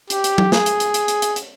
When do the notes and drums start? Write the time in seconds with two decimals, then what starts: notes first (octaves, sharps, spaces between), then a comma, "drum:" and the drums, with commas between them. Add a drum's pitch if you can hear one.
0.10 G4, drum: hi-hat
0.24 drum: hi-hat
0.38 drum: tom F#3
0.52 G#4, drum: snare
0.66 drum: hi-hat
0.80 drum: hi-hat
0.94 drum: hi-hat
1.08 drum: hi-hat
1.22 drum: hi-hat
1.36 drum: hi-hat